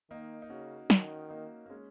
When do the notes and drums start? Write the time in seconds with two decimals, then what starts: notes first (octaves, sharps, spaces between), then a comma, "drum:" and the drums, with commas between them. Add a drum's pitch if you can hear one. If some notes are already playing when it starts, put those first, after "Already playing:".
0.10 D#3 A#3 D#4
0.42 D#4
0.50 C#3 C#4 F#4
0.90 D#3 C#4 F#4, drum: snare
1.30 A#3 D#4
1.66 A#3
1.70 G#3 C#4